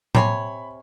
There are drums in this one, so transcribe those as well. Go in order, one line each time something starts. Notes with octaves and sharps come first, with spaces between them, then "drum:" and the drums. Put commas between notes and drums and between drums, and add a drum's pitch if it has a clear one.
C3 C#5 G#5 B5, drum: tom A2